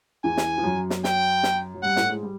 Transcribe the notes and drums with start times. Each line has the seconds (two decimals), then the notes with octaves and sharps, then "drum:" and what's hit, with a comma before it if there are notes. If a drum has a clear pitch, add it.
0.24 E2 E3 G#5
0.37 drum: snare
0.58 F3
0.64 F#2 F#3
0.90 drum: snare
1.04 G5, drum: snare
1.43 drum: snare
1.74 F#3
1.83 G2 G3 F#5
1.96 A2 A3, drum: snare
2.10 G#2 G#3
2.23 G3